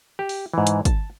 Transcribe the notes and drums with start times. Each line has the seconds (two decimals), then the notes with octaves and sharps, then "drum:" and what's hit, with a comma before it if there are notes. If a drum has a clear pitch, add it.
0.19 G4
0.29 drum: open hi-hat
0.54 G#2 E3
0.67 drum: hi-hat
0.85 A5, drum: kick, hi-hat